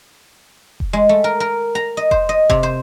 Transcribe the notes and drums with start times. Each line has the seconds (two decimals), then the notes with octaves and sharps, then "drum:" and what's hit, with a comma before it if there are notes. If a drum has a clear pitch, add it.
0.80 drum: kick F1
0.93 G#3
1.09 A3
1.24 A#4
1.40 A#4
1.75 A#5
1.97 D#5
2.11 C5, drum: kick F1
2.29 D#5
2.50 C3, drum: kick F1
2.63 C5